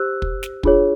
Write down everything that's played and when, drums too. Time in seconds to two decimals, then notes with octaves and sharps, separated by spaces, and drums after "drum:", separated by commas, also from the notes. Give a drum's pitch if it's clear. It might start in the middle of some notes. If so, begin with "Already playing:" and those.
Already playing: G4 C5 E6 F#6
0.22 drum: kick
0.43 drum: snare
0.63 D4 F4 G#4 C#5, drum: kick